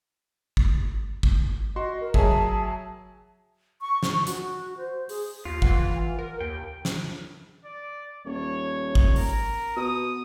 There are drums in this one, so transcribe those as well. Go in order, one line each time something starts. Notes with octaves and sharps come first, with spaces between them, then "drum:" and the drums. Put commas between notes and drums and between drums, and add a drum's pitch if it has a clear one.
drum: kick
drum: kick
F#4 D#5 C6
A#4
F#3 G#4 E5 A5, drum: kick
C#6
drum: snare
F#4, drum: hi-hat
C5
G#4, drum: open hi-hat
D#2 F4
E3 F#5 C6, drum: kick
E3
A#4
D#2 G5
drum: snare
D5
D#1 C#5
drum: kick
A#4, drum: open hi-hat
B2 D#6